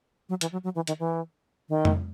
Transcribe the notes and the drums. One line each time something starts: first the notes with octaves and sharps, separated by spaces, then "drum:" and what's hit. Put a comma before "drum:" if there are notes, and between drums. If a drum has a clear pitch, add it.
F#3
E3, drum: hi-hat
F#3
F#3
E3
D#3, drum: hi-hat
E3
D#3
drum: tom F2